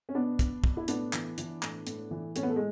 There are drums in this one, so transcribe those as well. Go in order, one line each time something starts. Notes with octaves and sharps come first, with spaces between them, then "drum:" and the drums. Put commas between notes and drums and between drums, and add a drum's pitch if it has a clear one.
C#4
B2 B3 D4
B2, drum: kick, hi-hat
B2, drum: kick
E4
A2 B3 D4, drum: hi-hat
E3, drum: clap
E3, drum: hi-hat
A2, drum: clap
A2, drum: hi-hat
E3
A2 C#4, drum: hi-hat
B3
A3
G#3